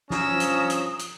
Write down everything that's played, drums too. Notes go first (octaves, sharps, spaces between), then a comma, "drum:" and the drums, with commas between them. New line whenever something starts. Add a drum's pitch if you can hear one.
G2 F3 C#4 A#5 D#6 E6, drum: snare
drum: hi-hat
drum: hi-hat
drum: hi-hat